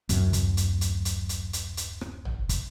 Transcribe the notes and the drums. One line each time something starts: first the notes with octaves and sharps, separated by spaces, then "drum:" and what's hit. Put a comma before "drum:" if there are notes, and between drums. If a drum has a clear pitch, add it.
D1 F#2, drum: hi-hat
drum: kick, hi-hat
drum: hi-hat
drum: hi-hat
drum: hi-hat
drum: hi-hat
drum: hi-hat
drum: hi-hat
drum: rim click
drum: tom
drum: kick, hi-hat